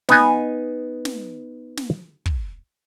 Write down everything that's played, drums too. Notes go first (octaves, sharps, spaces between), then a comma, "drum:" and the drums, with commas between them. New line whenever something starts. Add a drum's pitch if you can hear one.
B3 D#4 G#5, drum: snare
drum: snare
drum: snare
drum: kick